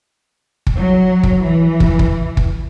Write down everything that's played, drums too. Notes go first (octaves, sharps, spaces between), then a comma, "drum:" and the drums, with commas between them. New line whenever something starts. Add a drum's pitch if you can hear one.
drum: kick
F#3
drum: kick
E3
drum: kick
drum: kick
drum: kick